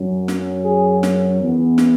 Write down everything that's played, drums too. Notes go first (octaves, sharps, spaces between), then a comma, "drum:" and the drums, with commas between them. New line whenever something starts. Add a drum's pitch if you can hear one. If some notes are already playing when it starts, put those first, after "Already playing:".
Already playing: F#2 F#3 C#4
drum: snare
G#4
drum: snare
E2 E3 B3
drum: snare